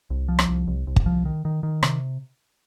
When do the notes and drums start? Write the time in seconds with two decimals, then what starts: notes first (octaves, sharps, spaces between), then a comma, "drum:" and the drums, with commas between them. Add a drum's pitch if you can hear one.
0.10 C2
0.29 F3
0.39 drum: rim click
0.48 C2
0.67 C2
0.87 C2
0.96 drum: kick
1.06 F3
1.25 D#3
1.45 D#3
1.63 D#3
1.83 C3, drum: rim click